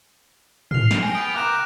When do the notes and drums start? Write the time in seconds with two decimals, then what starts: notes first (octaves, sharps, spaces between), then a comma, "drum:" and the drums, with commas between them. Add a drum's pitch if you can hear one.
0.71 F6 C7 F7, drum: tom G#2
0.91 drum: snare
1.02 G#4 G5 A#6 C#7 D7
1.15 B3 D7 F7
1.34 C2 A#4 D6 F#6 E7